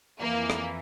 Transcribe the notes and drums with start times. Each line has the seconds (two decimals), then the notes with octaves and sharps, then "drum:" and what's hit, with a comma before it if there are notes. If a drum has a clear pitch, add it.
0.21 F2 E3 A#3
0.50 drum: rim click